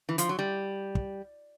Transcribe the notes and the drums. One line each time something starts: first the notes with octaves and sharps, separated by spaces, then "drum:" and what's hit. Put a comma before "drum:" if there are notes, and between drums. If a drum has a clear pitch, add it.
E3
F3, drum: hi-hat
F#3
G3
drum: kick